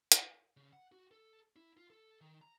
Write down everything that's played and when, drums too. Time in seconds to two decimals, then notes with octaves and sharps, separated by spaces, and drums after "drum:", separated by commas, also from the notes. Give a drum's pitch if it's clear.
0.12 drum: hi-hat
0.57 C#3
0.73 F#5
0.92 F#4
1.11 A4
1.56 E4
1.77 F4
1.90 A4
2.21 D#3
2.42 A#5